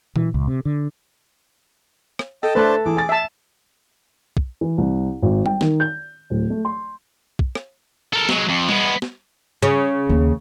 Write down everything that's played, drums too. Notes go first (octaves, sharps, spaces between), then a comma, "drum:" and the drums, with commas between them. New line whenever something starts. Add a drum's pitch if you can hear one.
E3, drum: tom A#2
C#2
C3
D3
drum: rim click
A4 D#5 G5
A3 D4 B4 C5 A5
E3 G#4 D6
G#5 A6
E5 A5
drum: kick
E3
C2
G#1
G5, drum: tom G3
D#3, drum: snare
G6
D1
A3
C6
drum: kick
drum: rim click
A4 A#4
F#3 G#3, drum: snare
F2
G#3 B3, drum: tom G3
drum: snare
C#3
D#2